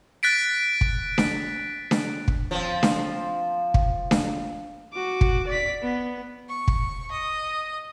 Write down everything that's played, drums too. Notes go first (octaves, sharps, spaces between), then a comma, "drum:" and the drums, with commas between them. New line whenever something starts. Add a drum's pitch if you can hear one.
F#6 A6 B6 D7
drum: kick
drum: snare D4
drum: snare D4
drum: kick
F3 C4
drum: snare D4
drum: kick
drum: snare D4
F#4 D6
drum: kick
D5 B6
B3
C#6
drum: kick
D#5